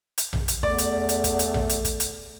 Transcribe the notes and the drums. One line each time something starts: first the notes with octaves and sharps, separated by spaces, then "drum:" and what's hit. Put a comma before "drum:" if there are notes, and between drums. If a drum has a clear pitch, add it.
drum: hi-hat
drum: tom A#1
drum: hi-hat
E2 A3 D5, drum: kick
drum: hi-hat
drum: hi-hat
drum: kick, hi-hat
drum: hi-hat
drum: tom A#1
drum: hi-hat
drum: kick, hi-hat
drum: hi-hat